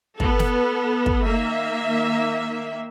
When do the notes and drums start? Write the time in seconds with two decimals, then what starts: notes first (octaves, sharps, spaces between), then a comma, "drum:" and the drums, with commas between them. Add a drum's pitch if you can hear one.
0.20 B3 A4, drum: kick
0.39 drum: snare
1.06 drum: kick
1.26 D#3 A#3 E5